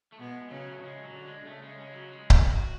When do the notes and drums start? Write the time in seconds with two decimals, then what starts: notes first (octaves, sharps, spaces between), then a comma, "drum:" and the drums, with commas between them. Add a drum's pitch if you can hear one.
0.12 A3
0.19 B2 G#3 B3
0.51 C#3 F#3 C#4
0.72 A3
0.82 C#3 G#3 C#4
1.03 F#3
1.14 D3 D4
1.24 G#3
1.45 C#3 A3 C#4
1.62 G#3
1.78 G#3
1.93 F#3
2.09 G#3
2.30 G#3, drum: kick C#1
2.51 F#4